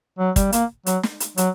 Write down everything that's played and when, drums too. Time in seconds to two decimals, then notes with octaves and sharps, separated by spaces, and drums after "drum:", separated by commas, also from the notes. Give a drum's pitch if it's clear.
0.19 F#3
0.36 G3, drum: kick, hi-hat
0.52 A#3, drum: hi-hat
0.86 F#3, drum: hi-hat
1.03 drum: snare
1.20 drum: hi-hat
1.38 F#3, drum: hi-hat